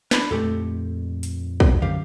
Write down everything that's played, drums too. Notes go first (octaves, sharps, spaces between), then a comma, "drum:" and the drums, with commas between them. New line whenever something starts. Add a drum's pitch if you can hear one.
D4 E4 B5, drum: snare
F2 A#2 F3 A3 G4 A4
drum: hi-hat
drum: kick
F#2 G4 F5, drum: tom